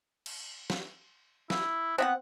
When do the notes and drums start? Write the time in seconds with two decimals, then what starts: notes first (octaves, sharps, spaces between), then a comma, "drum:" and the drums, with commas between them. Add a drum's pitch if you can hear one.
0.26 drum: cymbal
0.70 drum: snare
1.50 E4, drum: snare
1.98 B3 C4 E5 F#5